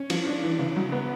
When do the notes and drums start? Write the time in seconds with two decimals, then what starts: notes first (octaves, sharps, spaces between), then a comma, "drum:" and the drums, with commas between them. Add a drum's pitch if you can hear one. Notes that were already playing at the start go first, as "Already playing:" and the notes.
Already playing: C#4
0.10 F3, drum: cymbal
0.27 D4
0.43 E3
0.59 C#3
0.76 F#3
0.92 B3